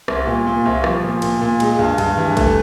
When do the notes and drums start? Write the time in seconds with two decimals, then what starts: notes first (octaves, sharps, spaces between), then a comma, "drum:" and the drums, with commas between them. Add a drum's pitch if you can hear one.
0.08 C2, drum: rim click
0.27 A#2
0.46 A#2
0.65 C2
0.84 F3, drum: rim click
1.03 A#2
1.22 A#2, drum: cymbal
1.41 A#2
1.60 G#3, drum: cymbal
1.79 G2
1.98 G2, drum: cymbal
2.18 E3
2.37 A3, drum: kick, cymbal